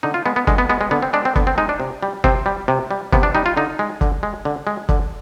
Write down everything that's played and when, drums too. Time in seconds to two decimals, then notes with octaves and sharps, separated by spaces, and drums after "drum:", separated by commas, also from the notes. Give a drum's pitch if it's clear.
0.03 D3 D#4
0.14 F4
0.26 G#3 B3
0.36 B3
0.47 D3 G#3, drum: kick
0.58 B3
0.69 G#3 B3
0.81 G#3
0.91 D3 B3
1.02 C4
1.13 G#3 D4
1.25 C4
1.36 D3 B3, drum: kick
1.47 C4
1.58 G#3 D#4
1.69 D4
1.80 C3
2.03 G3
2.24 C3 C4, drum: kick
2.46 G3
2.68 C3
2.91 G3
3.13 C3 B3, drum: kick
3.23 D4
3.35 G3 D#4
3.46 F4
3.57 D3 D#4
3.79 G#3
4.01 D3, drum: kick
4.23 G#3
4.45 D3
4.67 G#3
4.89 D3, drum: kick